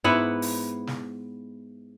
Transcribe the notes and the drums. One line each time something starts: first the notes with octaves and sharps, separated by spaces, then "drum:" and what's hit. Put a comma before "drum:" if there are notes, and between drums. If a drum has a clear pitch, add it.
G#2 B3 E4 F#5
drum: open hi-hat
drum: snare